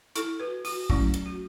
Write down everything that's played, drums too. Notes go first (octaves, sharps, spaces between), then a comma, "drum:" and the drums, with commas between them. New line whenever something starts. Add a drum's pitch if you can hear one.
E4 A4, drum: hi-hat
F#4 B4
F#4, drum: open hi-hat
F#3 A3 C#4 E4, drum: kick
drum: hi-hat
F#4